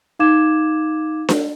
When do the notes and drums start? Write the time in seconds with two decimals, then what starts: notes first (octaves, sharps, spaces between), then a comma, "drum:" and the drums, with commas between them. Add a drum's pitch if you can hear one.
0.19 D#4 F5 D6 G#6 E7
1.29 drum: snare D4